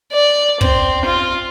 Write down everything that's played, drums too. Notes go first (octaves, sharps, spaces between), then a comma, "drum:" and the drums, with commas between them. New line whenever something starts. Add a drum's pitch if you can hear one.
D5
C4, drum: kick
F4